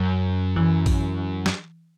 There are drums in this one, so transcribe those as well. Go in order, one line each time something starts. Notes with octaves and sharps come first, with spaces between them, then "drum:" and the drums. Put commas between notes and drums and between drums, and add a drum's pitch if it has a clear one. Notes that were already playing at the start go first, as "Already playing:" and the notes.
Already playing: F#2 F#3
E3
drum: kick A1, open hi-hat
drum: snare